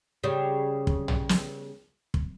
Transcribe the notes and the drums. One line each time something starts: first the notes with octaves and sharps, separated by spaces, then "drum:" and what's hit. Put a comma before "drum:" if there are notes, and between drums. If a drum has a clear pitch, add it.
C#3 G3
drum: kick
drum: tom
drum: snare
drum: kick